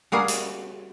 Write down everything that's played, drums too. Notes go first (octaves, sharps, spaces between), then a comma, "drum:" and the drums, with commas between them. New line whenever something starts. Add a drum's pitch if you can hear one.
G3 A#3 F#4 G#4
drum: hi-hat